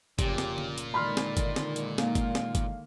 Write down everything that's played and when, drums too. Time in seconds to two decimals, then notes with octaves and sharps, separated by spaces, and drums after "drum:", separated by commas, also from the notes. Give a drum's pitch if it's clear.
0.19 F1 A#2 C#3 G4, drum: kick G1, hi-hat
0.38 drum: snare
0.58 drum: tom D3
0.78 drum: hi-hat
0.94 D3 D#3 G#3 D5 B5 C6 F6
1.17 drum: snare
1.37 drum: kick G1, hi-hat
1.56 drum: snare
1.76 drum: hi-hat
1.98 A#3 F5, drum: snare
2.15 drum: kick G1, hi-hat
2.35 drum: snare
2.55 drum: kick G1, hi-hat